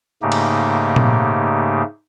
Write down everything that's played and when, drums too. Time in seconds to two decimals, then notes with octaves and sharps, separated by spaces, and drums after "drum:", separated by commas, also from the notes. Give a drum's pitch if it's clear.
0.22 G#2 C#3 A3 A#3 D#4 G4
0.32 drum: cymbal
0.96 drum: tom A#2